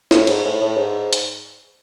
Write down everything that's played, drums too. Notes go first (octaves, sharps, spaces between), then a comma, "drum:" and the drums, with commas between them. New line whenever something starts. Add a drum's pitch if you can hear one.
A2, drum: snare
G#2, drum: cymbal
A2
A2
G#2
drum: hi-hat